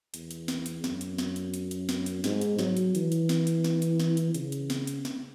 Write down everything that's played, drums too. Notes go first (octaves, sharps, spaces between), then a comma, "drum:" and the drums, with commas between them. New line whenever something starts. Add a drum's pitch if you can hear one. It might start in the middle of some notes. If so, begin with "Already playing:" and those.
E2, drum: hi-hat
drum: hi-hat
drum: snare
drum: hi-hat
F#2, drum: snare
drum: hi-hat
drum: snare
drum: hi-hat
drum: hi-hat
drum: hi-hat
drum: snare
drum: hi-hat
G#2, drum: snare
drum: hi-hat
F#3, drum: snare
drum: hi-hat
E3, drum: hi-hat
drum: hi-hat
drum: snare
drum: hi-hat
drum: snare
drum: hi-hat
drum: snare
drum: hi-hat
C#3, drum: hi-hat
drum: hi-hat
drum: snare
drum: hi-hat
drum: snare